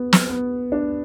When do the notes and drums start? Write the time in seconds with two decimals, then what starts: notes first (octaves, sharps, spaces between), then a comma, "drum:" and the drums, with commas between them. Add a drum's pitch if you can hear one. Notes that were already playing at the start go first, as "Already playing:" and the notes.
Already playing: B3
0.13 drum: snare
0.29 B3
0.72 D4